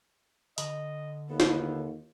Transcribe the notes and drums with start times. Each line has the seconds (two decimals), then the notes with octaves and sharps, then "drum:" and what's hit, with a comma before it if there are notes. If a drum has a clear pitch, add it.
0.58 D3 D#5, drum: hi-hat
1.30 D#2 B3 A4
1.40 drum: snare